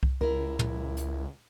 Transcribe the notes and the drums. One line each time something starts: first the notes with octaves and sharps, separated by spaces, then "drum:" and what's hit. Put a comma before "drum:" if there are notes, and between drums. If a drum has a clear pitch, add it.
drum: kick C2
C#2 E4 A#4
drum: tom
drum: hi-hat